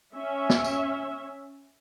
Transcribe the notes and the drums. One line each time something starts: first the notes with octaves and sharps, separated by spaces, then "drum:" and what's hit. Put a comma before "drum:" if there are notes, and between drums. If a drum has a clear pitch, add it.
C#4 E5
drum: snare
drum: tambourine